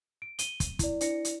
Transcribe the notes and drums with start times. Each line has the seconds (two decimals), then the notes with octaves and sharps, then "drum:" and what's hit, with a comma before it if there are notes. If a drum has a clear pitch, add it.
0.22 D7
0.39 D#7 G7, drum: hi-hat
0.60 drum: kick, hi-hat
0.79 E4 D5, drum: kick, hi-hat
1.01 D4 E4 C5 D5 A#6 C#7, drum: hi-hat
1.25 drum: hi-hat